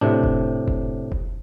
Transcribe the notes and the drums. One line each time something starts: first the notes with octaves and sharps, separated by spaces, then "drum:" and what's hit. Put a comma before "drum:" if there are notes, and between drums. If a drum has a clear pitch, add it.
A2 C3 D4
drum: kick F1
drum: kick F1
drum: kick F1